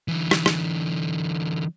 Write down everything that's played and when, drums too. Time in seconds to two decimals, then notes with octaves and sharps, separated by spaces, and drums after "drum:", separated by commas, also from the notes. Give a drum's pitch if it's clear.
0.08 D3 E3
0.31 drum: rim click
0.46 drum: rim click